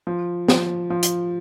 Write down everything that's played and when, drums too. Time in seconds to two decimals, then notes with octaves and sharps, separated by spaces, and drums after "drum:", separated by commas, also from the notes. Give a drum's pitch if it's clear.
0.07 F3
0.48 F3, drum: snare
0.90 F3
1.03 drum: hi-hat